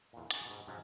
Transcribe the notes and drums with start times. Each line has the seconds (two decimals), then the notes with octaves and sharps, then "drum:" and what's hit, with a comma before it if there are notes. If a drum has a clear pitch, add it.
0.13 E2 A#2
0.31 C#4 G#4 A#4 C#5, drum: hi-hat
0.45 G#2 B2
0.67 G#2 C3 F3 F#3 C#4 F4